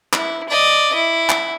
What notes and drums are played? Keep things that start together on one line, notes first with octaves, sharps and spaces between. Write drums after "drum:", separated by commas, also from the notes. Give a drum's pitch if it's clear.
E4, drum: clap
D5 D#5
E4
drum: clap